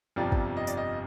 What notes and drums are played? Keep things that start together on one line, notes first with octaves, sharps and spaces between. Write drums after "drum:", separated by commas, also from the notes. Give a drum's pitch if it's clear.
G1 F2 C3 F3 D5
drum: kick
D#5
D5, drum: tambourine
D#5